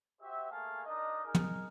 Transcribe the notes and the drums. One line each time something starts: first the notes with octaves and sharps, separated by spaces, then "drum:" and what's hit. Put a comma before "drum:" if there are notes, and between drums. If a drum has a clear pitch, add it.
F#4 G4 C5 E5
A3 A#3 G#4 F5 G#5 A5
D4 D#4 A#4 D#5
D#4 G#4 A#4
drum: tom